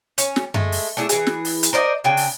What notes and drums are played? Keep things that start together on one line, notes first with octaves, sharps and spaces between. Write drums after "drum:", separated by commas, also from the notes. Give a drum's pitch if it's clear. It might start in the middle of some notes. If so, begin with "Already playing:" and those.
C#4, drum: hi-hat
drum: snare
G#3 A3, drum: tom F#2
drum: open hi-hat
A3 D4 E4 G#4
E3 G#4, drum: hi-hat
drum: snare
drum: open hi-hat
drum: hi-hat
A#4 C5 D5 D#5
C#3 D4 G5 G#5
drum: open hi-hat